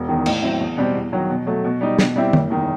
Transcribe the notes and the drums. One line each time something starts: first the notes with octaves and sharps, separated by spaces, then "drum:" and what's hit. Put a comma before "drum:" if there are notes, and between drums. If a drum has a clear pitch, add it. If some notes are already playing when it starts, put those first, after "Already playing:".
Already playing: E1
E2 D#3
A2, drum: cymbal
F#3 C4 E4
E2
B2 G3 C4
E2
D#3 F#3
B2
F#3 A3
B2
G3 D#4
B2, drum: snare
G3 C4 E4 G4
F#1, drum: tom
E2 D#3